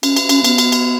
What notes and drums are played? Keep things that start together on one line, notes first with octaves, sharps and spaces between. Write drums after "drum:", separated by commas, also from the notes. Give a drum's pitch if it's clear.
C#4, drum: cymbal
drum: cymbal
C#4, drum: cymbal
B3, drum: cymbal
drum: cymbal
drum: cymbal